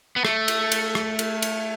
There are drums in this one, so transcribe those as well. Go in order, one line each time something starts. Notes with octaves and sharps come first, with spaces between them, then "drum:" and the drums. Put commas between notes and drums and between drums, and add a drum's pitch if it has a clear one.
B3
A3, drum: rim click
drum: cymbal
drum: cymbal
drum: rim click
drum: cymbal
drum: cymbal